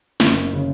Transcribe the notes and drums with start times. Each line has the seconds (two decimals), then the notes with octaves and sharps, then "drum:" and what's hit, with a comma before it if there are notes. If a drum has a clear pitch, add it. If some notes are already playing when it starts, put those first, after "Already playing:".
0.20 F#1, drum: snare
0.42 drum: hi-hat
0.53 C#3